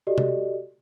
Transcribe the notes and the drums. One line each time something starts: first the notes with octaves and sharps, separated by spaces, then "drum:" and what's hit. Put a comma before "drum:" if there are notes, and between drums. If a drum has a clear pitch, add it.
F#4 G4 A4 D5 D#5
drum: tom C3